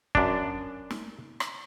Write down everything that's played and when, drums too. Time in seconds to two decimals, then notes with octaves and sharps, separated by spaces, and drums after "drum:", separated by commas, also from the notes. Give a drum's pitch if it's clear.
0.15 F#2 D4, drum: kick
0.91 drum: snare
1.40 drum: rim click